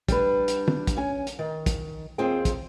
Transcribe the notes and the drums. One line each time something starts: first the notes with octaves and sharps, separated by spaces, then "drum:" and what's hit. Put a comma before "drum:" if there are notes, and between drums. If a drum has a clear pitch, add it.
G3 D4 B4, drum: kick, hi-hat
drum: hi-hat
drum: tom
drum: kick, hi-hat
C#4 G#5
drum: hi-hat
D#3
drum: kick, hi-hat
D#2 C4 F4 G#4 C5 G5
drum: kick, hi-hat